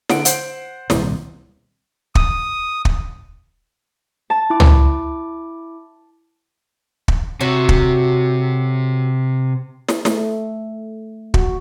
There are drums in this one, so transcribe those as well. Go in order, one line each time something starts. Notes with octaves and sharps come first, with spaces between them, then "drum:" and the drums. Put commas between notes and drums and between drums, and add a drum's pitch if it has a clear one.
D3 F#5 D7, drum: snare
C5 F#5, drum: hi-hat
D#1 C2 C3, drum: snare
D#6, drum: kick
drum: kick
A5
E4 D6
drum: tom
drum: kick
C3 F#4 A4 C#5
drum: kick
drum: snare
A3, drum: snare
F#4, drum: kick